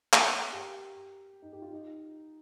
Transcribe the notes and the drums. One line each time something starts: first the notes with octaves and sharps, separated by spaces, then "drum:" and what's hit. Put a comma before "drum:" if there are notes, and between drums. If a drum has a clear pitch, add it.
A#4, drum: clap
G4
D#4
G4
F4
D#4